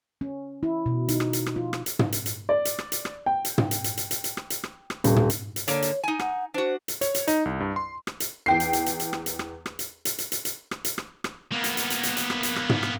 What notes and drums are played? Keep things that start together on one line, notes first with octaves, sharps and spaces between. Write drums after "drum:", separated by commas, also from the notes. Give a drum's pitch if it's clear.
C#4
E4
B2
D#4, drum: hi-hat
drum: rim click
drum: hi-hat
drum: rim click
F4
drum: rim click
drum: hi-hat
drum: tom
drum: hi-hat
drum: hi-hat
D5
drum: hi-hat
drum: rim click
drum: hi-hat
drum: rim click
G5
drum: hi-hat
drum: tom
drum: hi-hat
drum: hi-hat
drum: hi-hat
drum: hi-hat
drum: hi-hat
drum: rim click
drum: hi-hat
drum: rim click
drum: rim click
D#1, drum: hi-hat
drum: tom
drum: hi-hat
drum: hi-hat
D3 A#3 C#5, drum: hi-hat
drum: hi-hat
D#4 G#5
F#5, drum: rim click
D4 F#4 C5
drum: hi-hat
C#5, drum: hi-hat
drum: hi-hat
D#4, drum: hi-hat
C2
G2
C6
drum: rim click
drum: hi-hat
E2 G5 C7
drum: hi-hat
drum: hi-hat
drum: hi-hat
drum: hi-hat
drum: rim click
drum: hi-hat
drum: rim click
drum: rim click
drum: hi-hat
drum: hi-hat
drum: hi-hat
drum: hi-hat
drum: hi-hat
drum: rim click
drum: hi-hat
drum: rim click
drum: rim click
A#3 B3
drum: hi-hat
drum: hi-hat
drum: hi-hat
drum: hi-hat
drum: hi-hat
drum: rim click
drum: hi-hat
drum: rim click
drum: tom
drum: rim click